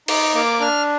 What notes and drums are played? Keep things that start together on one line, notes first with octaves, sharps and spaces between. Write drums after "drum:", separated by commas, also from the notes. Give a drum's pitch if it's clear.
D#4 D6, drum: cymbal
A#3 D6
D4 F6